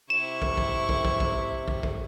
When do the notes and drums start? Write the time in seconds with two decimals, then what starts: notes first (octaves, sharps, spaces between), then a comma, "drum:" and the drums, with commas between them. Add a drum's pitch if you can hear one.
0.10 C3 E4 C#6 E7
0.42 drum: kick
0.57 drum: kick
0.89 drum: kick
1.05 drum: kick
1.20 drum: kick
1.68 drum: kick
1.83 drum: kick